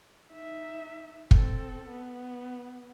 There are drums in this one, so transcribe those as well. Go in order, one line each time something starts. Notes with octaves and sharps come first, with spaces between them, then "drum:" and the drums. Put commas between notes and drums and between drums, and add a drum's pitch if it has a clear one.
D#4 E5
C4 A4, drum: kick
B3